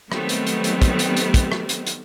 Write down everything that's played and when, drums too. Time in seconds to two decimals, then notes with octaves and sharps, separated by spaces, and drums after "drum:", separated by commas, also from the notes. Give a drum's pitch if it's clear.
0.12 D#3 F#3 G3 A3 B3 C4, drum: rim click
0.29 drum: hi-hat
0.47 drum: hi-hat
0.64 drum: hi-hat
0.82 drum: kick, hi-hat
0.99 drum: hi-hat
1.17 drum: hi-hat
1.34 drum: kick, hi-hat
1.52 drum: rim click
1.69 drum: hi-hat
1.87 drum: hi-hat